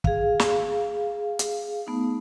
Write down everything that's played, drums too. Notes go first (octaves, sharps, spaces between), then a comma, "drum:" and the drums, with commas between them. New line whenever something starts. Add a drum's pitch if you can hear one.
G#4 F5, drum: kick
drum: snare
drum: hi-hat
A3 B3 D#4